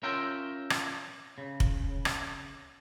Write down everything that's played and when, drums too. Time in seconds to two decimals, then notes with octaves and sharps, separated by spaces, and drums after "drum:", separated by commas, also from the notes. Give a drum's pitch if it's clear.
0.03 C#4 F4 A#4 E5 G5
0.70 drum: rim click
1.38 C#3
1.60 drum: kick F1
2.05 drum: rim click